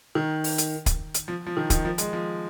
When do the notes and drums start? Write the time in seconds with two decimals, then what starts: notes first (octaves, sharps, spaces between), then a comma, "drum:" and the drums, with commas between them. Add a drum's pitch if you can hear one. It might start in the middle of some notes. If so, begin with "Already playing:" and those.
0.15 D#3
0.44 drum: open hi-hat
0.58 drum: hi-hat
0.86 drum: kick, hi-hat
1.14 drum: hi-hat
1.28 F3
1.46 F3
1.57 D#3
1.70 D#3, drum: kick, hi-hat
1.85 F3
1.98 G#3, drum: hi-hat
2.13 F3